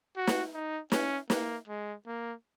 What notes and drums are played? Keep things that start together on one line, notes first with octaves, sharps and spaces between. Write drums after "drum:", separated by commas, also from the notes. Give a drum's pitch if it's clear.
F#4
drum: snare
D#4
C#4, drum: snare
A#3, drum: snare
G#3
A#3